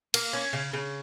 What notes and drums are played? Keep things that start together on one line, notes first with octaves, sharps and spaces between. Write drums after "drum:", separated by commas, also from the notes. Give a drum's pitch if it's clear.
A#3, drum: cymbal
C#4
C#3
C#3